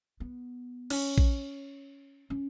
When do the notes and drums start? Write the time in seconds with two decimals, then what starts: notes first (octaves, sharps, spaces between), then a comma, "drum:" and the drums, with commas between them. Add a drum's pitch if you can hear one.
0.20 B3
0.90 C#4, drum: cymbal
1.18 drum: kick A#1
2.30 C#4